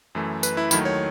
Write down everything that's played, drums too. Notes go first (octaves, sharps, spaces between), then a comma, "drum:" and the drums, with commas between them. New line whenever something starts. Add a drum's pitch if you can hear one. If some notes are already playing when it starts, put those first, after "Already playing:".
F#2 E3 A3
B4, drum: tambourine
E4
D#2 D#3 F#3 A3 E4, drum: tambourine
C#5